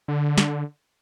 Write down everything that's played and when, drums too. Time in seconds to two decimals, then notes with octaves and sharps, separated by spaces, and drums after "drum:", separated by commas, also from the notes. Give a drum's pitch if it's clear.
0.08 D3
0.38 drum: snare